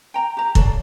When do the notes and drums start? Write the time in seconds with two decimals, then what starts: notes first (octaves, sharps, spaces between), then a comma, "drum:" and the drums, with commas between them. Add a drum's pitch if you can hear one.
0.14 G5 A#5
0.37 G4 A#5
0.55 A4 C#5 D5 F5, drum: kick